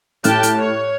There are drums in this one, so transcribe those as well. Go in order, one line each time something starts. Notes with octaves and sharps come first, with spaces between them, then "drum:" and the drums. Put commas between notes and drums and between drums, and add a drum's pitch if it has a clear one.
A2 G4 G5 A5 F6 F#6, drum: hi-hat
drum: hi-hat
C#5